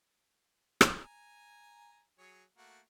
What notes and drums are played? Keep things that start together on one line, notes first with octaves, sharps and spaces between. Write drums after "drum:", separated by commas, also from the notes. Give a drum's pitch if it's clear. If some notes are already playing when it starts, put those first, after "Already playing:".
drum: rim click
G#5 A#5
F#3 G#4 C#5
A3 A#3 F#4